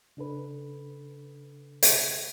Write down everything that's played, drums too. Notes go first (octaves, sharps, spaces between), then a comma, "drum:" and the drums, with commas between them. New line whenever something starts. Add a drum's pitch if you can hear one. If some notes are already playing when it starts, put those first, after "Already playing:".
C#3 D4 A4 B4
drum: hi-hat